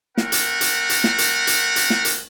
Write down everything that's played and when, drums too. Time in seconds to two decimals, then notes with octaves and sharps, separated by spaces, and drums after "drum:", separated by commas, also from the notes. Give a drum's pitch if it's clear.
0.18 A3 C4 A#4 F#5, drum: snare
0.32 drum: hi-hat
0.61 drum: hi-hat
0.90 drum: hi-hat
1.04 drum: snare
1.18 drum: hi-hat
1.47 drum: hi-hat
1.76 drum: hi-hat
1.90 drum: snare
2.05 drum: hi-hat